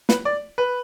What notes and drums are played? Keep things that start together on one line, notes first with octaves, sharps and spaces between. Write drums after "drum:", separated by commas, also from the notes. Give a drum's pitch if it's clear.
B4, drum: snare
D5
B4